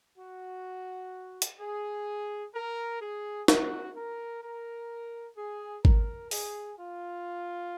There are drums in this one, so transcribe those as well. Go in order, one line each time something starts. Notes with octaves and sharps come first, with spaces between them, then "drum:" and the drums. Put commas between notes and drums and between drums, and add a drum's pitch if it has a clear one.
F#4
drum: hi-hat
G#4
A#4
G#4
F#4, drum: snare
A#4
A#4
G#4
A#4, drum: kick G#1
G#4, drum: open hi-hat
F4